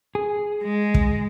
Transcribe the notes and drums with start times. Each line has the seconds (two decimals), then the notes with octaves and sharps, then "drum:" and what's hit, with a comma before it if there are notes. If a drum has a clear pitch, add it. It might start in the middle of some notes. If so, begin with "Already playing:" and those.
0.15 G#4
0.63 G#3
0.94 drum: kick